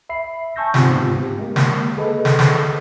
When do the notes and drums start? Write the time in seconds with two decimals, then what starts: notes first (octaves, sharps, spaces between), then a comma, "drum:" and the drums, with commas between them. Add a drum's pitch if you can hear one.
0.09 E5 B5 C7
0.56 G#5 A5 C#6 E6 G6 A#6
0.74 G#2 C3 B3 C4 F4, drum: snare
1.21 G4
1.39 G#3 A#3
1.56 drum: snare
1.97 G#4 A4 B4 D#5
2.25 drum: snare
2.39 drum: snare